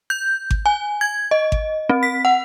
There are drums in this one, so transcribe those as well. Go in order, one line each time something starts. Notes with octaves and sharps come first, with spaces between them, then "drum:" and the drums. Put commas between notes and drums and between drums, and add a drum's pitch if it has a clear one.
G6
drum: kick G#1
G#5
G#6
D#5
drum: kick G#1
C4
B6
F#5